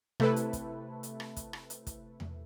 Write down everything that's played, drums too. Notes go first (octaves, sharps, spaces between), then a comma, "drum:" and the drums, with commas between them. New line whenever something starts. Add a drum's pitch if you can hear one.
C3 A3 E4 A4 B4, drum: rim click
drum: hi-hat
drum: kick, hi-hat
drum: hi-hat
drum: rim click
drum: kick, hi-hat
drum: rim click
drum: hi-hat
drum: kick, hi-hat
drum: tom E2